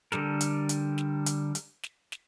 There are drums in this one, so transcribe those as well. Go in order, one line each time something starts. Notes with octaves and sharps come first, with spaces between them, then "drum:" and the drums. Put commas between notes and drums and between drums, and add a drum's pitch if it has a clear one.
D3 G3 A4 A#4, drum: snare
drum: hi-hat
drum: hi-hat
drum: snare
drum: hi-hat
drum: hi-hat
drum: snare
drum: snare